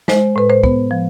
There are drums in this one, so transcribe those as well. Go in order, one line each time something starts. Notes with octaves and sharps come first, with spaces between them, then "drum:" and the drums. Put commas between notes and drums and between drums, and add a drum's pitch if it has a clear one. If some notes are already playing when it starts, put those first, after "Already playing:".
G#3 C5, drum: snare
A2 B4
C5
B3, drum: kick
F3